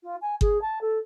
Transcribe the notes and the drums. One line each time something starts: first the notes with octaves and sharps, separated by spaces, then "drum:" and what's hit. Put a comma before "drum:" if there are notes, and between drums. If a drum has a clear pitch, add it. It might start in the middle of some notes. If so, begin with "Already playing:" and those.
F4
G#5
G#4, drum: kick G1
A5
A4